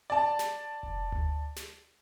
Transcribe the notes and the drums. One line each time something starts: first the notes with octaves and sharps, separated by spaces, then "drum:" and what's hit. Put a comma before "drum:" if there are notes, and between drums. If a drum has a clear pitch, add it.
D5 A5
drum: snare
drum: kick F1
drum: tom D2
drum: snare